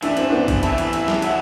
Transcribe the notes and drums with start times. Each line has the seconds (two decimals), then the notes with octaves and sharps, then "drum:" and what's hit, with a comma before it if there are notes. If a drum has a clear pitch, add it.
0.03 E3 A3 D4 E4, drum: cymbal
0.17 C4, drum: cymbal
0.30 B3 D4
0.48 drum: kick, cymbal
0.63 E3 A3 E4, drum: cymbal
0.78 drum: cymbal
0.93 drum: cymbal
1.08 drum: snare
1.22 F#3 B3 E4, drum: cymbal